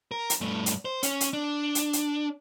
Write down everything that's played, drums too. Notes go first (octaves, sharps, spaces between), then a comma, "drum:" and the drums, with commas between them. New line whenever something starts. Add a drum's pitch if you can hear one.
A#4
drum: hi-hat
G2 A3
drum: hi-hat
C5
C#4, drum: hi-hat
drum: hi-hat
D4
drum: hi-hat
drum: hi-hat